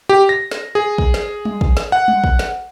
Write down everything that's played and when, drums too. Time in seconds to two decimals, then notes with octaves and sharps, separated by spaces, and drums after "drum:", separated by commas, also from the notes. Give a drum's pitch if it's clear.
0.09 G4
0.29 A#6
0.51 drum: snare
0.75 G#4
0.98 drum: kick
1.14 drum: snare
1.45 drum: tom G3
1.61 drum: kick
1.77 drum: snare
1.92 F#5
2.08 drum: tom G3
2.24 drum: kick
2.39 drum: snare